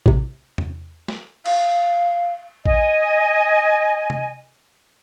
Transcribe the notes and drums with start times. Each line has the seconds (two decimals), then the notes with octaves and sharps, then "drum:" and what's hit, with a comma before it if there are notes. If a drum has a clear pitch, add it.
0.06 A2 C3, drum: kick A1
0.58 drum: tom E2
1.08 drum: snare
1.46 F5, drum: cymbal
2.66 D#5 G#5, drum: kick A1
4.10 drum: tom C3